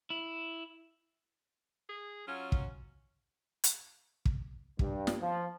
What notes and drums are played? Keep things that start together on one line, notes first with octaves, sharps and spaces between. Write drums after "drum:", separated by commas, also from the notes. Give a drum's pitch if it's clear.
E4
G#4
F#3 C#4 F4
drum: kick
drum: hi-hat
drum: kick
G2, drum: kick
drum: snare
F3